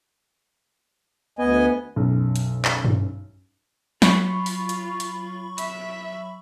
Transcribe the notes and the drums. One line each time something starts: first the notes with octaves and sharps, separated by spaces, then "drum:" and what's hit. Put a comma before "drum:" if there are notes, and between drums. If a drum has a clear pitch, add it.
D2 B3 D#5 G#5
B1 F#2
drum: hi-hat
drum: clap
drum: tom G2
F#3 F4 B5 C#6, drum: snare
drum: open hi-hat
drum: hi-hat
drum: hi-hat
E5, drum: hi-hat